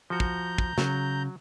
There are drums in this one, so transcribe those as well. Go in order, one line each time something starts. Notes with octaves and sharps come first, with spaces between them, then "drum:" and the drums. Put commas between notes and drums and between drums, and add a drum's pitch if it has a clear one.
F3 F#4 A#5 G6
drum: kick
drum: kick
C#3 F#3, drum: snare